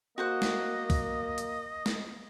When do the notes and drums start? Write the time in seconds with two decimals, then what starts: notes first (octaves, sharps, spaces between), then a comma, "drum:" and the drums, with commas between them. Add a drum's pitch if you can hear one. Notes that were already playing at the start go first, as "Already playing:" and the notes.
0.18 A#3 F#4 C5 D#5 F#5
0.42 drum: snare
0.90 drum: kick C2, open hi-hat
1.38 drum: hi-hat
1.86 drum: snare